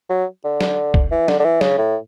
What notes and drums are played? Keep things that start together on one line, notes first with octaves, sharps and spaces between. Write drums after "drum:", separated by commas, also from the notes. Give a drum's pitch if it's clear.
F#3
D3
drum: snare
drum: kick
E3
D3, drum: snare
D3
E3
C#3, drum: snare
A2